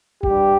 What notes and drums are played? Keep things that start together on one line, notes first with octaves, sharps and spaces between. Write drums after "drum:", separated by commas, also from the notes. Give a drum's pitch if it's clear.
G2 G3 G4, drum: kick